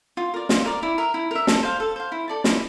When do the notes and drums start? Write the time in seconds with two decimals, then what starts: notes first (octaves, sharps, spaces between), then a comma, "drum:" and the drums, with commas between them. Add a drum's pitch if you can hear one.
0.17 F4
0.34 A#4 D5
0.49 F4, drum: snare
0.66 A#4 D5
0.83 E4
0.98 A#4 E5
1.14 E4
1.31 A#4 E5
1.47 A4, drum: snare
1.63 C5 F5
1.80 A4
1.96 C5 F5
2.12 E4
2.28 A4 D5 A5
2.44 E4, drum: snare